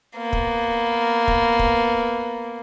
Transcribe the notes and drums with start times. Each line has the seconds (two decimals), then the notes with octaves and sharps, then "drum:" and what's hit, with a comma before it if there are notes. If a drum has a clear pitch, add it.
0.17 A#3 B3
0.33 drum: kick
1.28 drum: kick
1.59 drum: kick